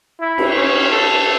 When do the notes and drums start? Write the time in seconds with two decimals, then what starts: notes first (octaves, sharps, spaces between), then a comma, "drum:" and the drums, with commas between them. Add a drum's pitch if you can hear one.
0.20 E4
0.38 drum: cymbal
0.54 C#4
0.90 A4